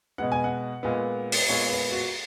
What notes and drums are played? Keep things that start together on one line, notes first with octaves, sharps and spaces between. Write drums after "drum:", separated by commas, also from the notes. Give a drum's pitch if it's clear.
B2 G#3 B3 F#5
G#5
F#5
A#2 G#3 B3
drum: open hi-hat
A#2 G#3 B3 C#5
B4
F#4